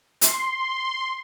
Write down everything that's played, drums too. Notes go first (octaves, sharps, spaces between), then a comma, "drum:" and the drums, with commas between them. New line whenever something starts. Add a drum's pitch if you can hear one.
C6, drum: hi-hat